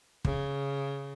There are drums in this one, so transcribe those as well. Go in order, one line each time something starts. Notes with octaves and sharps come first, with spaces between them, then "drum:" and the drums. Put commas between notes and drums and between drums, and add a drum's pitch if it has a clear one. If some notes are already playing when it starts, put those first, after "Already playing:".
C#3, drum: kick